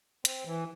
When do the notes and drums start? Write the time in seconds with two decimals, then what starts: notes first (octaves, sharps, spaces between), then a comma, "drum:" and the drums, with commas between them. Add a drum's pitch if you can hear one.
0.25 C4, drum: hi-hat
0.45 E3